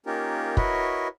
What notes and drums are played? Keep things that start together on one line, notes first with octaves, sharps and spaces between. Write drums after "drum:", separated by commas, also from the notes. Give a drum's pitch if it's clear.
A#3 C#4 D#4 F4 G4 A#4
E4 F#4 A#4 B4 C#5 D#5, drum: kick